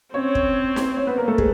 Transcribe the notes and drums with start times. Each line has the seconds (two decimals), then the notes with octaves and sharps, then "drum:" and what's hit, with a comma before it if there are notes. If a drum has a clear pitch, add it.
0.14 C4 C#4 C#5
0.35 drum: kick
0.76 drum: snare
0.97 C#4 C#5
1.07 B3 B4
1.18 A#3 A#4
1.28 A3 A4
1.38 G#3 G#4, drum: kick